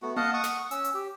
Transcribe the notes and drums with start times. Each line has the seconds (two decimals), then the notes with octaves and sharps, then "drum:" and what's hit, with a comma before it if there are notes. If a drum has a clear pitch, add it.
0.02 A3 B3 F#4
0.16 D#5 F5 F#5 A5, drum: tom A#3
0.34 F#5 C#6 D#6
0.44 drum: snare
0.71 C#4 E6, drum: hi-hat
0.84 drum: hi-hat
0.94 G4